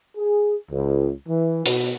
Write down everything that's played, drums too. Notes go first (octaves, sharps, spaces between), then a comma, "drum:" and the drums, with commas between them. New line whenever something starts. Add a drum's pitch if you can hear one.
G#4
C#2
E3
B2, drum: hi-hat